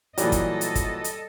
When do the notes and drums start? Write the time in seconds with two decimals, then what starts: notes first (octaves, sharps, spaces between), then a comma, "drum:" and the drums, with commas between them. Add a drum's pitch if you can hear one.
0.18 A#2 E3 F#3 G3 A4 D#5, drum: hi-hat
0.32 drum: kick, hi-hat
0.61 drum: hi-hat
0.75 drum: kick, hi-hat
1.04 drum: hi-hat